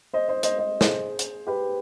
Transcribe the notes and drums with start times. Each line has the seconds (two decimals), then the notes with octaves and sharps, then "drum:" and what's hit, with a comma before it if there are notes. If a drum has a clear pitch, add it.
0.13 C5 D#5
0.28 C5 D#5
0.43 C5 D#5, drum: hi-hat
0.59 C5 D#5
0.81 G#4 C5, drum: snare
1.19 drum: hi-hat
1.47 G4 B4